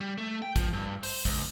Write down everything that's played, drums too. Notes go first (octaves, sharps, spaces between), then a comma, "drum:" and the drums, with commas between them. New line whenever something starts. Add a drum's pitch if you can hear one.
G3
A3
G5
F3, drum: kick, hi-hat
G2
C5, drum: open hi-hat
C#2, drum: kick